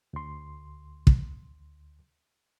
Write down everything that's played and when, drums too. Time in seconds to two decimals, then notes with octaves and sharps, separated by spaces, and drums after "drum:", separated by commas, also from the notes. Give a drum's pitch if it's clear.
0.13 D2 C6
1.07 drum: kick